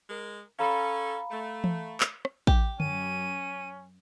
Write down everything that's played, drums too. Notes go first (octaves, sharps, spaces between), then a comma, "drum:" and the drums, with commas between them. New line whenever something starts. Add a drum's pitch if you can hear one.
G#3 A#4
C#4 A4 F5 A#5 B5
A3
drum: tom E3
drum: clap
drum: rim click
G4, drum: kick A1
F#2 C#4 D#7, drum: tom D3